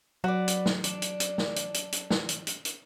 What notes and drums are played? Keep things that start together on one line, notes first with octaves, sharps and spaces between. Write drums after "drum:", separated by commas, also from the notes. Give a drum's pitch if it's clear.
F#3 F#4 B4 D5
drum: hi-hat
drum: snare
D4, drum: hi-hat
drum: hi-hat
drum: hi-hat
drum: snare
drum: hi-hat
drum: hi-hat
drum: hi-hat
drum: snare
drum: hi-hat
drum: hi-hat
drum: hi-hat